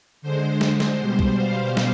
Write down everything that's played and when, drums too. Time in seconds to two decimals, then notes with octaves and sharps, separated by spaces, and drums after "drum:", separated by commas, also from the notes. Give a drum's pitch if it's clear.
0.22 D3 G#3 C5
0.61 drum: snare
0.80 drum: snare
1.00 B2 G3 C5
1.19 drum: kick
1.39 F5
1.77 drum: snare